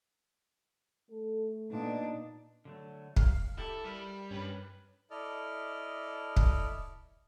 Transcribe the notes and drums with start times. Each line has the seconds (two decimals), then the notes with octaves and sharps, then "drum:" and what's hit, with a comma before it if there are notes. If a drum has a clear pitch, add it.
1.10 A3 A4
1.70 A#2 B3 D4 D#4
2.65 D3 F#3 A3
3.16 F5, drum: kick
3.58 E4 G4 A4 A5 D6
3.84 G3 A#4
4.31 G2 C#4 B4
5.11 E4 A4 D5 D#5 F6
6.37 drum: kick